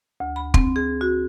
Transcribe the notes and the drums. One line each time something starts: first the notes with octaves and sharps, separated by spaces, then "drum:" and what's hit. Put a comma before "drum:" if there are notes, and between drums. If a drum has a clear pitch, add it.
D2
B5
C4, drum: kick
G#4
F#4